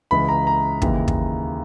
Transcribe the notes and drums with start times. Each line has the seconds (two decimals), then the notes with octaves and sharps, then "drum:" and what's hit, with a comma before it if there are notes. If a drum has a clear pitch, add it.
0.11 C#2 C#3 E3 B5
0.28 A#5
0.47 A#5
0.82 D#2 C#3 E3, drum: kick
1.08 drum: kick